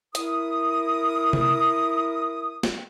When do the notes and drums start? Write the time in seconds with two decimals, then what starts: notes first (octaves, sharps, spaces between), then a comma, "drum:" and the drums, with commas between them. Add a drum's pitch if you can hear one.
0.15 E4 A#4 D#6, drum: hi-hat
1.33 drum: tom C3
2.63 drum: snare